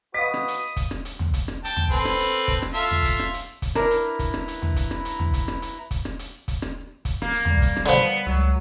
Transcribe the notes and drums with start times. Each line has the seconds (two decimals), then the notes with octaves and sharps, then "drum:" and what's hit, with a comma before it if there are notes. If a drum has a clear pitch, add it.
0.14 F#4 B4 D#5 F5 D#6 B6
0.34 drum: rim click
0.48 drum: hi-hat
0.76 drum: kick, hi-hat
0.91 drum: rim click
1.05 drum: hi-hat
1.19 drum: tom
1.34 drum: kick, hi-hat
1.48 drum: rim click
1.65 G5 A5, drum: hi-hat
1.76 drum: tom
1.91 C4 A4 B4, drum: kick, hi-hat
2.05 drum: rim click
2.19 drum: hi-hat
2.48 drum: kick, hi-hat
2.62 drum: rim click
2.74 F4 A4 E5, drum: hi-hat
2.91 drum: tom
3.05 drum: kick, hi-hat
3.19 drum: rim click
3.34 drum: hi-hat
3.62 drum: kick, hi-hat
3.75 D4 E4 A#4 B4 A#5, drum: rim click
3.91 drum: hi-hat
4.19 drum: kick, hi-hat
4.34 drum: rim click
4.48 drum: hi-hat
4.62 drum: tom
4.76 drum: kick, hi-hat
4.91 drum: rim click
5.05 drum: hi-hat
5.19 drum: tom
5.34 drum: kick, hi-hat
5.48 drum: rim click
5.62 drum: hi-hat
5.91 drum: kick, hi-hat
6.05 drum: rim click
6.19 drum: hi-hat
6.48 drum: kick, hi-hat
6.62 drum: rim click
7.05 drum: kick, hi-hat
7.22 A#3, drum: rim click
7.34 drum: hi-hat
7.45 G3, drum: tom
7.62 drum: kick, hi-hat
7.76 drum: rim click
7.86 D3 F3 B3
8.26 C#2 F#3